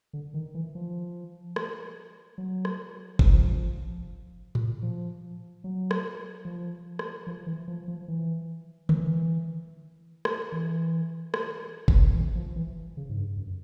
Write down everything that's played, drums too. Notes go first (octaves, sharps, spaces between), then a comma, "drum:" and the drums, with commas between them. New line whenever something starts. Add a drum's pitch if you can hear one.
D3
D#3
E3
F3
drum: rim click
F#3
drum: rim click
F3, drum: kick F#1
drum: tom A2
F3
F#3
drum: rim click
F3
drum: rim click
F3
E3
F3
F3
E3
E3, drum: tom D3
drum: rim click
E3
drum: rim click
drum: kick F#1
E3
F3
E3
C#3
G#2
G2
F#2